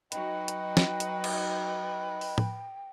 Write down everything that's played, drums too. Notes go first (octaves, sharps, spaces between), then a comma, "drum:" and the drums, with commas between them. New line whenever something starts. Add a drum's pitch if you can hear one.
F#3 D#4 F#4 B4 D#5 G5, drum: hi-hat
drum: hi-hat
drum: snare
drum: hi-hat
drum: cymbal
drum: open hi-hat
drum: tom A2